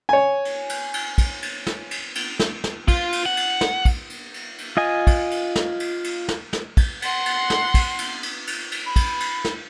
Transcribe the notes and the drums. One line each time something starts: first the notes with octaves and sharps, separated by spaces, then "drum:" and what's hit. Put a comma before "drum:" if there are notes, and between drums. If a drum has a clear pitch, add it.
C#5 G#5
drum: cymbal
drum: cymbal
drum: cymbal
drum: kick, cymbal
drum: cymbal
drum: snare
drum: cymbal
drum: cymbal
drum: snare
drum: snare
F4, drum: kick, cymbal
drum: cymbal
F#5
drum: cymbal
drum: snare
drum: kick, cymbal
drum: cymbal
drum: cymbal
drum: cymbal
F4 D#5 G#5
drum: kick, cymbal
drum: cymbal
drum: snare
drum: cymbal
drum: cymbal
drum: snare
drum: snare
drum: kick, cymbal
F#5 C6, drum: cymbal
drum: cymbal
drum: snare
drum: kick, cymbal
drum: cymbal
drum: cymbal
drum: cymbal
drum: cymbal
B5
drum: kick, cymbal
drum: cymbal
drum: snare